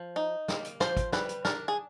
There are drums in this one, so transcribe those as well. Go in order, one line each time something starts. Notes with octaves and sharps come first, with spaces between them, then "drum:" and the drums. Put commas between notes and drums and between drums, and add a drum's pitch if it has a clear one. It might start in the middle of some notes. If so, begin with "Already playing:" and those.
Already playing: F3
D#4
A#3, drum: snare
drum: hi-hat
F3 C5, drum: snare
drum: kick, hi-hat
G3 B4, drum: snare
drum: hi-hat
D4 A#4, drum: snare
G#4